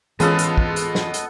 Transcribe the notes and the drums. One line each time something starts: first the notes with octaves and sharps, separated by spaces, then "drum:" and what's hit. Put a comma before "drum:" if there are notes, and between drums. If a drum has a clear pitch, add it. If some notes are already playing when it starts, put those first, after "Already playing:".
E3 G#3 B3 C#4 F4 A4 D#5 A5, drum: hi-hat
drum: hi-hat
drum: kick
drum: hi-hat
drum: snare
drum: hi-hat